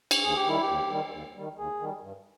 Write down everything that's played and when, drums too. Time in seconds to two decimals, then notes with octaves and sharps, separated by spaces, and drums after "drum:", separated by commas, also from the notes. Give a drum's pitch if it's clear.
0.11 drum: cymbal
0.23 D#2 G#4
0.36 G4
0.47 D#3 G3 E4
0.62 G4
0.69 D#2
0.91 D#3 G3
1.13 D#2
1.36 D#3 G3
1.58 D#2 G#4
1.80 D#3 G3
2.02 G2